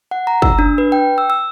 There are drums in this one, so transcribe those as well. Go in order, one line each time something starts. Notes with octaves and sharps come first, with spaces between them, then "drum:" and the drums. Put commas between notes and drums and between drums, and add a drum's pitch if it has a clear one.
F#5
A#5
E6, drum: kick
D4
B4
G5
E6
E6